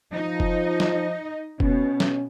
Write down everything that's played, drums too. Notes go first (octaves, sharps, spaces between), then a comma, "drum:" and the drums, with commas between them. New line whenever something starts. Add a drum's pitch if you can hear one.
F3 D#4 D#5
drum: kick F1
drum: snare
B2 C#4, drum: kick F1
drum: snare